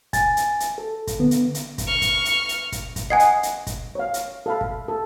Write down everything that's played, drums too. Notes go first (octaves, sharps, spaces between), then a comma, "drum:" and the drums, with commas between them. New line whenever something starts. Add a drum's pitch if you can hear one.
G#5 A6, drum: kick, hi-hat
drum: hi-hat
drum: hi-hat
A4
drum: kick, hi-hat
D3 B3
drum: hi-hat
drum: hi-hat
drum: kick, hi-hat
C#6 F6
drum: kick, hi-hat
drum: hi-hat
drum: hi-hat
drum: kick, hi-hat
drum: kick, hi-hat
D#5 F#5 G#5 G#6 C7
drum: hi-hat
drum: hi-hat
drum: kick, hi-hat
C#5 F5
drum: hi-hat
A4 F5 B5
drum: kick
A4